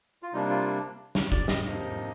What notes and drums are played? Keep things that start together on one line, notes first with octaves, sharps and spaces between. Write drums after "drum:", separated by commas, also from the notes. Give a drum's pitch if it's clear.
F4
C3 G3 A#3 D4 D#4
F4
drum: snare
D5, drum: kick
D#5, drum: snare
F2 C3 F3 A#3 D#4 D#5